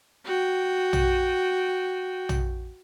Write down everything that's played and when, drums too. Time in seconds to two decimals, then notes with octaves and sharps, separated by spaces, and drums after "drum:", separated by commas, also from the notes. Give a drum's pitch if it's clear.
0.25 F#4 G5
0.93 drum: tom
2.29 drum: tom